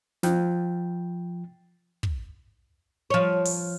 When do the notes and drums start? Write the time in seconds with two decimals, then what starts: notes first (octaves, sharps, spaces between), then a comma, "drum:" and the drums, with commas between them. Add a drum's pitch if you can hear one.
0.23 F3 G5, drum: snare
2.03 drum: kick
3.10 F3 C#5
3.45 drum: open hi-hat